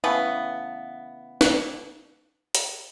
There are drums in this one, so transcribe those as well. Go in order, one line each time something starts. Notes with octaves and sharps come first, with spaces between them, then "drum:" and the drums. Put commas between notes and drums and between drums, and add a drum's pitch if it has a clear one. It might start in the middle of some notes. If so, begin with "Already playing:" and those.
C#3 E3 A3 B3
drum: snare
drum: hi-hat